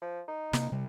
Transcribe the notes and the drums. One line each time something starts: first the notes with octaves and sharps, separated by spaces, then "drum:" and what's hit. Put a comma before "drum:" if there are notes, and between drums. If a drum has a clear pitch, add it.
F3
D#4
C3 A#3, drum: snare
C3 G3